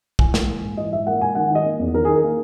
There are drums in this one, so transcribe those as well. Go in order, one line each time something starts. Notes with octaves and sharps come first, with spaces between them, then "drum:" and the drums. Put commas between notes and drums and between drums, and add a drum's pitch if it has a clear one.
E3 G#5, drum: kick
G#2, drum: snare
A#3
G#2
E3 D#5
G#2 E5
A#3 F#5
G#2 G#5
D#3 F#5
D#4 D#5
A#3
E2
D#3 A#4
D#4 G#4
A#4
A#3